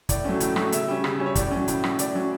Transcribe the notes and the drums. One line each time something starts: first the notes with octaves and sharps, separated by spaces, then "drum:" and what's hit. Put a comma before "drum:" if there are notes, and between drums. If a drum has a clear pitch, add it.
A2 D5, drum: kick, hi-hat
F#3 A3 C#4
A2, drum: hi-hat
F#3 A3 C#4, drum: rim click
C#3 E5, drum: hi-hat
G3 C#4
C#3, drum: rim click
G3 C#4
C#5
A2 D5, drum: kick, hi-hat
F#3 C#4
A2, drum: hi-hat
F#3 C#4, drum: rim click
A2 D5, drum: hi-hat
F#3 C#4